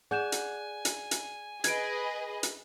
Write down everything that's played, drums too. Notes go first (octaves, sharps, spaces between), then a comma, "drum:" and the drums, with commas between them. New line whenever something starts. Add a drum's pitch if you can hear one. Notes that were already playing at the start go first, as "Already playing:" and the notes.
G#4 D5 F#5 G#5 G6 E7
drum: hi-hat
drum: hi-hat
drum: hi-hat
G#4 B4 D#5 G#6 D7, drum: hi-hat
drum: hi-hat